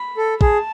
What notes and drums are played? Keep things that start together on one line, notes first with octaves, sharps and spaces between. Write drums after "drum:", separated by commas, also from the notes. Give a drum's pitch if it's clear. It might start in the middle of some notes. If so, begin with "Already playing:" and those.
Already playing: B5
A4
G#4 A5, drum: kick